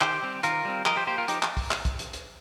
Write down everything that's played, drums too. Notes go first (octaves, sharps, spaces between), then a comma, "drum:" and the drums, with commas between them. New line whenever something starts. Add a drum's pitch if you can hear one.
D#3 G4 C5, drum: clap
G3 C4
D#3 F4 A#4, drum: hi-hat
G3 C4
F3 A#4 D#5, drum: clap
G4 C5
A#3 G4 C5
F4 A#4
F3 D#4 G4, drum: hi-hat
drum: clap
drum: kick, open hi-hat
drum: clap
drum: kick, hi-hat
drum: hi-hat
drum: hi-hat